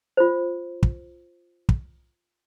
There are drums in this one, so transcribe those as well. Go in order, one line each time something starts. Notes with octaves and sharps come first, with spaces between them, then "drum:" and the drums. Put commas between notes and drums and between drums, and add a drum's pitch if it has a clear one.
F4 C5
drum: kick
drum: kick